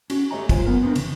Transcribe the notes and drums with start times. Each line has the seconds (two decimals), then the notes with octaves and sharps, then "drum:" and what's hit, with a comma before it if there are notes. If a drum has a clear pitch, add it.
0.10 C#4 F#4, drum: cymbal
0.31 A3 G4 C#5 D#5 G#5 A#5
0.49 G2 F4 C5 G#5, drum: kick, cymbal
0.66 F#2 B3 A#4
0.83 B3 C4 D4 G4 A#4
0.95 E2 C#3, drum: cymbal